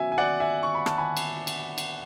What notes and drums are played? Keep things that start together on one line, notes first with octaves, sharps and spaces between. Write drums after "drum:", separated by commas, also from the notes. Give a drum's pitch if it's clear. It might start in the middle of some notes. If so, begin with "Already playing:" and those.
Already playing: B2 F#3 C#4 E5 G#5
G#5
D5 F#5
E5 G#5
C#6
B5
A5, drum: rim click
G#5 B5
drum: cymbal
drum: cymbal
drum: cymbal